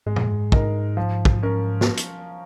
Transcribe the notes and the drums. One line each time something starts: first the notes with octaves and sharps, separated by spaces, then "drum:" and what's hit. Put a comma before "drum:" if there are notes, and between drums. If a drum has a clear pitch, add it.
G#2 G#3
A#2, drum: tom
G#2
D#4 A#4, drum: kick
F3
drum: kick
C#4 A#4
drum: snare
drum: hi-hat